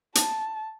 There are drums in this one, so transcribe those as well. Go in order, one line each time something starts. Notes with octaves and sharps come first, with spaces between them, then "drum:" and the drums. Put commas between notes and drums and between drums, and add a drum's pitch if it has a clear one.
A5, drum: hi-hat